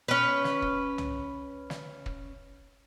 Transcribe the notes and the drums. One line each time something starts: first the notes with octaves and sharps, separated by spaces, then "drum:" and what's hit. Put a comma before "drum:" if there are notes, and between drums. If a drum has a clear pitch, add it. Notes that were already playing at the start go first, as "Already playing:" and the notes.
C#4 B4
drum: snare
drum: kick
drum: tom C2
drum: snare
drum: kick